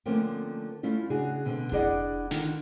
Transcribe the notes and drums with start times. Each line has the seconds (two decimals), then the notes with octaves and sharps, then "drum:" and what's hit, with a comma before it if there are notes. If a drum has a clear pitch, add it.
0.06 D3 F3 A3 A#3 C4 C#4
0.83 A3 C#4 E4 F4
1.10 C#3 D4 F#4 G#4
1.45 B2 D3 C4
1.72 D4 E4 G#4 D5 D#5 F#5, drum: kick F1
2.31 D3 D#3 D#4 F4, drum: snare